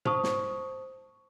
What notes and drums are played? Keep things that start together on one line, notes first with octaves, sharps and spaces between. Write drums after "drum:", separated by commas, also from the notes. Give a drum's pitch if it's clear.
C5 A5 C#6 D#6, drum: tom
drum: snare